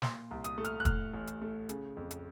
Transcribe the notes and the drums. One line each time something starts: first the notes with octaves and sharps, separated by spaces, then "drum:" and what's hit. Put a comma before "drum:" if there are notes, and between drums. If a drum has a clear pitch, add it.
A#2 C6, drum: snare
C2
D#6, drum: hi-hat
A3
F6, drum: hi-hat
F#6
A2 F6, drum: kick, hi-hat
A1
drum: hi-hat
A3
C#3, drum: hi-hat
F2
drum: hi-hat